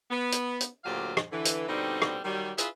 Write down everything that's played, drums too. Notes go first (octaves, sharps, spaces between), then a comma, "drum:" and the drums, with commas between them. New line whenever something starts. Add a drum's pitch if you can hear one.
B3
drum: hi-hat
drum: hi-hat
D2 A#2 F#3 G4 F5
drum: rim click
D3 E3
drum: hi-hat
B2 D3 G3 C4 D#4
drum: rim click
D#3 F#3 G3
E4 F4 G#4 B4, drum: hi-hat